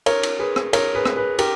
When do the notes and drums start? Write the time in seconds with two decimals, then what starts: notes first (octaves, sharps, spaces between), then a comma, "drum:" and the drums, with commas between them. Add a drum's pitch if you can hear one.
0.06 A#4 C#5, drum: cymbal
0.23 drum: cymbal
0.39 G#4 B4
0.56 drum: rim click
0.73 A#4 C#5, drum: cymbal
0.95 G#4 B4
1.05 drum: rim click
1.16 G#4 B4
1.39 G4 A#4, drum: cymbal